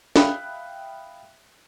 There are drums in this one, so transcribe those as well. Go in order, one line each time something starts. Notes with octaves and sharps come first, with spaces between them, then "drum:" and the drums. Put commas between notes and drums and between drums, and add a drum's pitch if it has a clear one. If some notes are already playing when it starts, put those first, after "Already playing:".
E5 F5 G5 B5 D#6 F#6, drum: snare